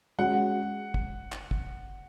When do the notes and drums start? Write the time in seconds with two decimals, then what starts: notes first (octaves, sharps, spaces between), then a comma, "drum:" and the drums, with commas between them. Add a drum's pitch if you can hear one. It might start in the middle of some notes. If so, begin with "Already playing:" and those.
0.18 G#3 C#4 F#4 F#5
0.94 drum: kick
1.32 drum: clap
1.51 drum: kick